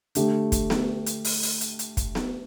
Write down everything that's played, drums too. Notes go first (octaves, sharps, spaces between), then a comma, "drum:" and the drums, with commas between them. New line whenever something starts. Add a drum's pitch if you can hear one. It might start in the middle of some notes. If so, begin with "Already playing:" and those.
D3 A3 G4, drum: hi-hat
drum: kick, hi-hat
drum: snare B3
drum: hi-hat
drum: open hi-hat
drum: open hi-hat
drum: hi-hat
drum: hi-hat
drum: kick, hi-hat
drum: snare B3